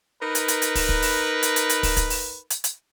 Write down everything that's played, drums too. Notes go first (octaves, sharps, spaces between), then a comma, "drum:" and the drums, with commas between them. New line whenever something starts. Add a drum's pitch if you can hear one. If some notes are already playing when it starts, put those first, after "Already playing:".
D#4 A#4 B4
drum: hi-hat
drum: hi-hat
drum: hi-hat
drum: kick, open hi-hat
drum: kick
drum: open hi-hat
drum: hi-hat
drum: hi-hat
drum: hi-hat
drum: kick, open hi-hat
drum: kick, hi-hat
drum: open hi-hat
drum: hi-hat
drum: hi-hat